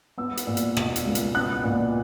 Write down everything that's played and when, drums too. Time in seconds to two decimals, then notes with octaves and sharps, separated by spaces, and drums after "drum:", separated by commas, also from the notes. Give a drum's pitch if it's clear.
0.18 B3 E6
0.37 drum: hi-hat
0.47 A#2
0.57 drum: hi-hat
0.77 B2, drum: rim click
0.96 drum: hi-hat
1.05 C#2
1.15 drum: hi-hat
1.34 B3 F#6
1.64 A#2